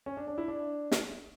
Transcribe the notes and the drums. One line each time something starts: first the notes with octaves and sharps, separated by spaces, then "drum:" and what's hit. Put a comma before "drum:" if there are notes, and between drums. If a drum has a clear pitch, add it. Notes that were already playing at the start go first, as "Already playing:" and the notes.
C#4
D4
D4
E4
D4
drum: snare